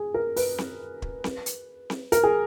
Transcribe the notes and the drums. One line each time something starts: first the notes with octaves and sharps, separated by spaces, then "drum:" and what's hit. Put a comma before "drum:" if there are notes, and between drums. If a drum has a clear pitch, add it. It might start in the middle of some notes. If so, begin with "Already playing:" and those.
Already playing: G#4
A#4
B4, drum: open hi-hat
drum: snare C4
drum: kick
drum: snare C4
drum: hi-hat
drum: snare C4
A#4, drum: hi-hat
G#4